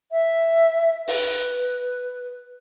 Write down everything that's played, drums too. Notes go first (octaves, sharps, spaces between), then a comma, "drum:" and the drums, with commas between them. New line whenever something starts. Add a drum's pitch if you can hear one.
E5
B4, drum: open hi-hat